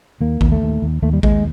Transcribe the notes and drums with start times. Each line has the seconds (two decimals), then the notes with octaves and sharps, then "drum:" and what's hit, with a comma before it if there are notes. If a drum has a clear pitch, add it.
0.21 D#2 A#3
0.41 D#2, drum: kick A1
0.52 A3
0.62 D#2
0.82 D#2
1.02 D#2 A3
1.13 G3
1.23 D#2 G#3, drum: kick A1